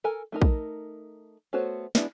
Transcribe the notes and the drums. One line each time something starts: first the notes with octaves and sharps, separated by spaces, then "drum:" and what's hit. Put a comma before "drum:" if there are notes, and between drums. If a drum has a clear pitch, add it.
A4 A#4 G#5
A3 D#4 A#4
drum: kick
A3 B3 F#4 C5 C#5
G#3 B3 D4 E4 F#4, drum: snare